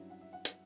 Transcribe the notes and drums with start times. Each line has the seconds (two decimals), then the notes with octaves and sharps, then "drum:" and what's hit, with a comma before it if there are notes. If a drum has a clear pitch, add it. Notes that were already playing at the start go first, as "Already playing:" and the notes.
Already playing: G2 F#3 C#4 E4 E5
0.10 F#5
0.21 E5
0.33 F#5
0.45 drum: hi-hat